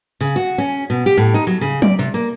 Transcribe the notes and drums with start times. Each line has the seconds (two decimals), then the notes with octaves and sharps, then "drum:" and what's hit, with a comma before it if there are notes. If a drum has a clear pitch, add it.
0.21 C#3, drum: open hi-hat
0.36 F#4
0.58 C#4
0.90 B2
1.06 G4
1.17 A2
1.34 D#4
1.47 F#3
1.61 C#3
1.82 D5, drum: tom F#3
1.99 C3
2.14 A#3